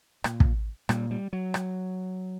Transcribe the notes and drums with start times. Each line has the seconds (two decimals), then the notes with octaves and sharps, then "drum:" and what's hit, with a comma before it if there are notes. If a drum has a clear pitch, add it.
0.24 A#2, drum: rim click
0.40 drum: kick
0.89 A#2 G3, drum: rim click
1.11 G3
1.33 F#3
1.54 drum: rim click